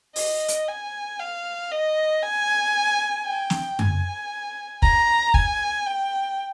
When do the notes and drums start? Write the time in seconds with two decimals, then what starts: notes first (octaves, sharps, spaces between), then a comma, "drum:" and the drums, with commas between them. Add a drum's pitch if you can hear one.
0.16 D#5, drum: open hi-hat
0.48 drum: hi-hat
0.68 G#5
1.20 F5
1.71 D#5
2.23 G#5
3.27 G5
3.50 drum: snare
3.79 G#5, drum: tom F#2
4.82 A#5, drum: kick
5.34 G#5, drum: kick
5.86 G5